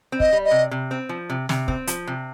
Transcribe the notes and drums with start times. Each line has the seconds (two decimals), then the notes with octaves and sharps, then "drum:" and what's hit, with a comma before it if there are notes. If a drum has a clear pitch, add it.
0.12 C4
0.20 D#5, drum: kick
0.33 G3
0.45 D#5
0.51 C3
0.71 C3
0.91 C4
1.09 F3
1.30 C3
1.49 C3, drum: snare
1.68 C4, drum: kick
1.87 F3, drum: hi-hat
2.07 C3